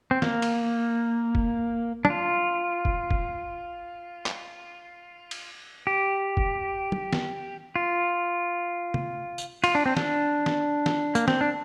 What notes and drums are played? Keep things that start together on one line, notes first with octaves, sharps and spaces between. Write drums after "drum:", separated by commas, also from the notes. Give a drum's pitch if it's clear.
C4
A#3, drum: snare
drum: cymbal
drum: kick
D4, drum: tom
F4
drum: kick
drum: kick
drum: clap
drum: cymbal
G4
drum: kick
drum: tom
drum: snare
F4
drum: tom C3
drum: tambourine
F4, drum: cymbal
D4
C4
D4, drum: snare
drum: snare
drum: snare
A#3, drum: tambourine
C4, drum: snare
D4